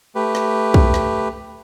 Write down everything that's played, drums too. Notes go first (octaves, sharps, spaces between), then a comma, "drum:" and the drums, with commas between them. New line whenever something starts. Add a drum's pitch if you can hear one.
A3 G4 B4
drum: snare
drum: kick
drum: snare